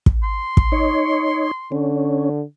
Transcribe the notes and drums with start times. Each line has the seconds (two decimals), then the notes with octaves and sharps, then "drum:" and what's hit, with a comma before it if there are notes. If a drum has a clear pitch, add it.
0.06 drum: kick
0.23 C6
0.57 drum: kick
0.72 D#4 C#5
1.72 D3 C#4